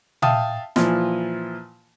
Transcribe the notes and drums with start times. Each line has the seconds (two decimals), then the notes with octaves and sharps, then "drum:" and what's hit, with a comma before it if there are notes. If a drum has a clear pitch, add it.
0.22 E5 F5 G5 A5 D#6, drum: tom A#2
0.76 A#2 E3 F3, drum: snare